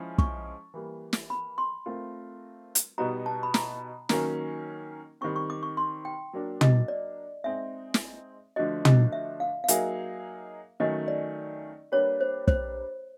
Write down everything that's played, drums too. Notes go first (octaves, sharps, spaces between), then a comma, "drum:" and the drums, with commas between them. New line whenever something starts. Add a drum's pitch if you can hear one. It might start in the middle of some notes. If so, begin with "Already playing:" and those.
Already playing: F3 G#3 C#4 E4
C#6, drum: kick
E3 G3 A#3
drum: snare
B5
C6
A3 C4 F4 A#4
drum: hi-hat
B2 G3 B3 D#4 F#4 A#5
A5
B5
A#5, drum: snare
D#3 F#3 A#3 C#4 A#5, drum: snare
D#3 G3 C4 C#6
C#6
D6
C#6
C6
G5
F#3 A#3 D4
D#5, drum: tom
D5
G#3 C4 D#4 E5
drum: snare
D3 F3 A3 D4 F#4 D#5
D#5, drum: tom
E5
F5
F5
F#3 A#3 D#4 G#4 E5, drum: hi-hat
D#3 F#3 A3 C#4 D#5
D5
G3 A#3 D4 G4 B4 C#5
C5
C5, drum: kick